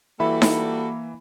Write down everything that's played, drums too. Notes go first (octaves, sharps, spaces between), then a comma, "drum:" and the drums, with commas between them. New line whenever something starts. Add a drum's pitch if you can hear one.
E3 G3 A#3 E4 F#4 A4 B5
drum: snare D#4